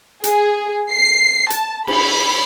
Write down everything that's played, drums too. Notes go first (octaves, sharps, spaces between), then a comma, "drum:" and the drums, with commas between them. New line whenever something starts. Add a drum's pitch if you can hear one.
G#4, drum: hi-hat
C7
A5, drum: hi-hat
B5, drum: cymbal